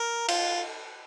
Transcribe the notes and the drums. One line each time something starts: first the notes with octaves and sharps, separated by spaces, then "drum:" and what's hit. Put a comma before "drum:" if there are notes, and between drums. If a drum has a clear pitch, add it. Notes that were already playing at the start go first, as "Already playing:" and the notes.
Already playing: A#4
F4, drum: cymbal